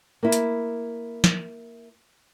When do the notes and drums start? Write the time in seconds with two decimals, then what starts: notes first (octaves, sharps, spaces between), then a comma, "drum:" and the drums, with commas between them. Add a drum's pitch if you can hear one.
0.23 A#3 E4
0.32 drum: hi-hat
1.24 drum: snare